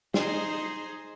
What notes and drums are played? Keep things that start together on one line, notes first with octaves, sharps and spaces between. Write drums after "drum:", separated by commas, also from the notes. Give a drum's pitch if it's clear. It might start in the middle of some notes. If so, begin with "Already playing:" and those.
D#4 G#4 C5, drum: snare